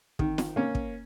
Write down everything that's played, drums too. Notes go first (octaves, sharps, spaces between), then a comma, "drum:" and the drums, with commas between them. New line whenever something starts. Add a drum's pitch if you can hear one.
D#3, drum: kick
drum: snare
A#3 C#4
drum: kick